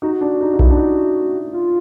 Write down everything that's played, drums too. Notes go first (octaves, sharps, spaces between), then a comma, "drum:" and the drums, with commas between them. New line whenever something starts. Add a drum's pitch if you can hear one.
D#4 F#4
D4
D#4
D#4
E4, drum: kick B1
D4
D#4
F4